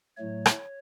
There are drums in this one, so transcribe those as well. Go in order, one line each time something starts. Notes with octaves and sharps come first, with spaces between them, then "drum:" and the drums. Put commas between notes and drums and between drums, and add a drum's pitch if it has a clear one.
A2 F#3 A3 C#5
drum: rim click